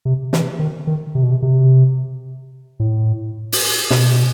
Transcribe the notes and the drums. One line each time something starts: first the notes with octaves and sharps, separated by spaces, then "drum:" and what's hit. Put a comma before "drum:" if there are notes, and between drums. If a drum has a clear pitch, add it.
C3
E3, drum: snare
D#3
D#3
C3
B2
C3
C3
A2
drum: open hi-hat
B2, drum: snare